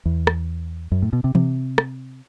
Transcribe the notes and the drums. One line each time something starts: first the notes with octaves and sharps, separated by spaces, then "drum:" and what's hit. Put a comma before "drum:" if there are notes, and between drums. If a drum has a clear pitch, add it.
E2
drum: rim click
F#2
A2
B2
C3
C3, drum: tom E3
drum: rim click